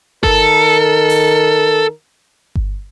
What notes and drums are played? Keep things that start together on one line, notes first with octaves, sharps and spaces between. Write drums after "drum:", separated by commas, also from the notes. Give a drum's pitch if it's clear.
D#3 A4 A#4, drum: kick G1
drum: open hi-hat
drum: kick G1